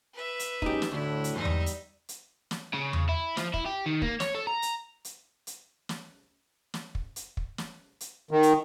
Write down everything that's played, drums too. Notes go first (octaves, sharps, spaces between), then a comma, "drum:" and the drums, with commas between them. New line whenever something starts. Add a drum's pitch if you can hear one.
B4 E5
drum: hi-hat
F#2 G#3 C#4 D#4 G4, drum: kick
drum: snare
D2 A2 A3 D4 E4
drum: hi-hat
E2 G#2 G3 D#4 E5
drum: tom E2
drum: hi-hat
drum: hi-hat
drum: snare
C#3
drum: tom E2
E4
F3, drum: snare
E4, drum: kick
G4
D#3
A#3, drum: kick
C#5, drum: snare
A4
A#5
drum: hi-hat
drum: hi-hat
drum: hi-hat
drum: snare
drum: snare
drum: kick
drum: hi-hat
drum: kick
drum: snare
drum: hi-hat
D#3
drum: hi-hat